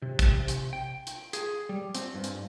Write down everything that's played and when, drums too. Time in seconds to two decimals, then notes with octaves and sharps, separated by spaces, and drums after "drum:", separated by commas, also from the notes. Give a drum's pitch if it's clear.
0.02 C3
0.19 drum: kick, hi-hat
0.48 drum: hi-hat
0.73 G5
1.07 drum: hi-hat
1.33 G#4, drum: hi-hat
1.69 G3
1.95 C4, drum: hi-hat
2.14 G2
2.24 drum: hi-hat